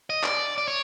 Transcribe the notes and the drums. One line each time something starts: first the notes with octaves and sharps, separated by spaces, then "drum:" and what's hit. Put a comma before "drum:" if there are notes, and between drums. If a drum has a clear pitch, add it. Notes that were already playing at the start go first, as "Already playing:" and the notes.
D#5
D5, drum: clap
D5
C#5